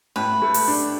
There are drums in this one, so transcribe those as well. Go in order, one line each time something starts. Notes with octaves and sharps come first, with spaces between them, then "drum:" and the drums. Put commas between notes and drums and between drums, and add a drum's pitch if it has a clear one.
A2 B4
A3
drum: open hi-hat
D4